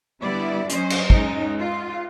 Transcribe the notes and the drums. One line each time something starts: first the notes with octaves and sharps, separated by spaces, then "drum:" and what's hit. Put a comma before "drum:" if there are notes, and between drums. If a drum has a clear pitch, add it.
D3 G3 B3 E4 D5
F#3 C#4 C5 D#5, drum: hi-hat
drum: cymbal
G#3 C#4 D#4, drum: kick
F4